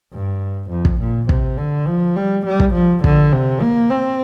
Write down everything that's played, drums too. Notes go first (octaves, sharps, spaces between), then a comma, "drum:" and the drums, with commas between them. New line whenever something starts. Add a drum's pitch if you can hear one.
G2
F2
drum: kick
A#2
C3, drum: kick
D3
F3
G3
G3
drum: kick
F3
D3, drum: kick
C3
A#3
C4